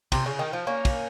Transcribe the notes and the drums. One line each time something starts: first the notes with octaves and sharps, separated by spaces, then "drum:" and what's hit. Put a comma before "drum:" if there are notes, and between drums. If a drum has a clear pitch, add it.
C3, drum: kick, cymbal
C#3
D#3
F3
A#3 C#4
drum: kick, cymbal